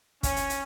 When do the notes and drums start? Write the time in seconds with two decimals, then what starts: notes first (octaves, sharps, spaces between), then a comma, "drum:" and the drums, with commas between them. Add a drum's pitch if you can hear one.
0.23 C#4, drum: kick, hi-hat
0.36 drum: hi-hat
0.50 drum: hi-hat